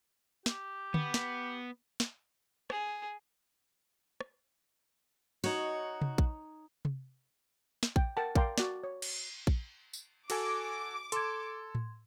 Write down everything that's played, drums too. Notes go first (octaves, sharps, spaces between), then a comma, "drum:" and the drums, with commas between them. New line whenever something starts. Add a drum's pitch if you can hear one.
G4, drum: snare
B3, drum: tom D3
drum: snare
drum: snare
G#4, drum: rim click
drum: rim click
D#4 F#4 C#5, drum: open hi-hat
drum: tom C3
drum: kick A#1
drum: tom C3
drum: snare
G5, drum: kick A#1
A#4 F#5 G5 A5
A#4 D5 F5 G5 A#5 C6, drum: kick A#1
F#4 D5, drum: snare
C#5
drum: cymbal
drum: kick A#1
drum: tambourine
F#4 A4 G#5 D6, drum: cymbal
A4 C6 G#6 E7, drum: hi-hat
drum: tom A2